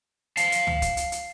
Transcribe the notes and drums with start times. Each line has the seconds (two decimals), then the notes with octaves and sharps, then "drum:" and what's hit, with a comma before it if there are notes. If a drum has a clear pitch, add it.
0.37 F5 A5, drum: hi-hat
0.52 drum: hi-hat
0.67 drum: tom C#2
0.82 drum: kick, hi-hat
0.97 drum: hi-hat
1.12 drum: hi-hat